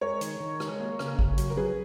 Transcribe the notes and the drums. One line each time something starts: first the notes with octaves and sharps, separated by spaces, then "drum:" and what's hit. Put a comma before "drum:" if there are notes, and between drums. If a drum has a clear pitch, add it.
G#3 A#4 C#5
D#3, drum: hi-hat
D#3
G#3, drum: rim click
A#3
C#3, drum: rim click
C#3, drum: kick G#1
F#3, drum: hi-hat
A#4
F#3 G#4 B4